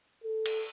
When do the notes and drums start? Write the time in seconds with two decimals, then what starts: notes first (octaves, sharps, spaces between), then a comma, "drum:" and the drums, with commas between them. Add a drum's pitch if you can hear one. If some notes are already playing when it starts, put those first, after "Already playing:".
0.24 A4
0.46 drum: cymbal